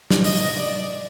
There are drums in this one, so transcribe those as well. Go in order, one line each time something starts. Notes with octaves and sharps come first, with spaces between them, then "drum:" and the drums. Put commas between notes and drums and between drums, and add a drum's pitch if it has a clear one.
drum: snare
D#5, drum: open hi-hat
D5